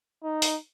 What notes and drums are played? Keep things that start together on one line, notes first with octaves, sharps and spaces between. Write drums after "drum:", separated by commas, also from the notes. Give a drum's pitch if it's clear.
D#4
drum: open hi-hat